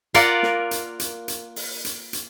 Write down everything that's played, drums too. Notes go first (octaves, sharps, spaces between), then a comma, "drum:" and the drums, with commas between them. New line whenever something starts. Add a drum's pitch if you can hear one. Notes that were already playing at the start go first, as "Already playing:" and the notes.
A#3 F4 A#4 D5 F#5, drum: hi-hat
drum: snare
drum: hi-hat
drum: hi-hat
drum: hi-hat
drum: open hi-hat
drum: hi-hat
drum: hi-hat